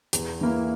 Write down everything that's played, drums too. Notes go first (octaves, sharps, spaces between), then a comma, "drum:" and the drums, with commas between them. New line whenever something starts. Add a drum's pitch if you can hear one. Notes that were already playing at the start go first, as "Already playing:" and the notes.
E2, drum: hi-hat
E3 A#3 E4